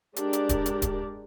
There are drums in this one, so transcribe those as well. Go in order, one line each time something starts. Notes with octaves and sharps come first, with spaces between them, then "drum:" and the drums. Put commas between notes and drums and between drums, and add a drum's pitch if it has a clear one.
G#3 D4 G4 A#4 D5, drum: hi-hat
drum: hi-hat
drum: kick D1, hi-hat
drum: hi-hat
drum: kick D1, hi-hat